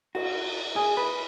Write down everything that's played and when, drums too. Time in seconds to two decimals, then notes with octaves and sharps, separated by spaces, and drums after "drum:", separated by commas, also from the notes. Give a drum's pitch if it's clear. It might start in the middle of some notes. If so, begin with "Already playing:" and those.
0.15 F#4, drum: cymbal
0.76 G#4
0.97 B4